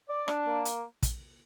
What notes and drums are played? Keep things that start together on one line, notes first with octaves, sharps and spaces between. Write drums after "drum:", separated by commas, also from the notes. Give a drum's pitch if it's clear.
D5
D4, drum: rim click
A#3
drum: hi-hat
drum: kick, hi-hat